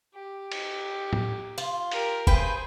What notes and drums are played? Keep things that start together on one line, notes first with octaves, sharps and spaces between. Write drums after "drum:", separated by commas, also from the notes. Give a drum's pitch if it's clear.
G4
drum: cymbal
drum: tom A2
F4, drum: tambourine
G4 A#4, drum: open hi-hat
G#4 B4 C5 G5, drum: kick F1